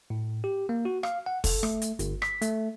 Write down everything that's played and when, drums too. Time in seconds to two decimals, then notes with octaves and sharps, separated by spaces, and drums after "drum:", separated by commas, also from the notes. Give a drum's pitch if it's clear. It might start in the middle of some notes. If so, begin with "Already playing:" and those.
0.10 A2
0.44 G4
0.69 A#3
0.85 F#4
1.03 F5, drum: rim click
1.26 F#5
1.44 A4, drum: kick, open hi-hat
1.63 A3, drum: rim click
1.82 drum: hi-hat
1.99 G1, drum: hi-hat
2.22 B6, drum: rim click
2.42 A3, drum: hi-hat